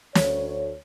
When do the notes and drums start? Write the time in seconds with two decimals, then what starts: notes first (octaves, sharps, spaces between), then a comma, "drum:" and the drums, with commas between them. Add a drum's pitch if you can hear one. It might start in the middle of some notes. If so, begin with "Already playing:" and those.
0.15 D2 C#5, drum: snare